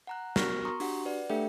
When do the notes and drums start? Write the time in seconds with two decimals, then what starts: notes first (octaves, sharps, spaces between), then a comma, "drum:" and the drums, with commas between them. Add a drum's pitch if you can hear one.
0.07 F#5 A#5 F#6
0.36 B3 F#4 A#4 C#6 F6 A#6, drum: snare
0.65 A#5 C6 C#6 D#6
0.80 D4 F#4 G4 F#5, drum: open hi-hat
1.05 B4 D5 F#5
1.30 A3 D4 G4 A4 E5 G5